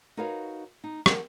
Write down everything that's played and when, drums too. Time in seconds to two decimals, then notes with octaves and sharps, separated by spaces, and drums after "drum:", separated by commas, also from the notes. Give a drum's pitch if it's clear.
0.17 D#4 F#4 A#4 B4 C#5 F5
0.84 D#4
1.06 F3 B3 A#4, drum: rim click